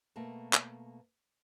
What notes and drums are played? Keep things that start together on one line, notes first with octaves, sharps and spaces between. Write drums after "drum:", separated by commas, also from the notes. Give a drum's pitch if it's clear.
B2 A3 A#3 A5
drum: clap